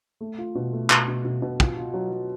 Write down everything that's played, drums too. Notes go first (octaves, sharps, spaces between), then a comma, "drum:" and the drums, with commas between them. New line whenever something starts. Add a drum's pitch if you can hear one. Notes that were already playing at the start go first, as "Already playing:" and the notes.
A3
F4
B2
A3
B2, drum: clap
B2
B2
B2
F4, drum: kick
F4
F#3
F#3